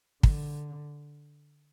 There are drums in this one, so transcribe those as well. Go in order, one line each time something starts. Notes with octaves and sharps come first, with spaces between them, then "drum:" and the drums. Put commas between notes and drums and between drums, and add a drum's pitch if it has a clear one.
D3, drum: kick